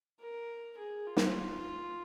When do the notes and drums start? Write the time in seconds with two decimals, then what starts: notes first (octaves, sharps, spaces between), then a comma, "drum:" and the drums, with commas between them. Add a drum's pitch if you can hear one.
0.20 A#4
0.78 G#4
1.07 F4
1.17 drum: snare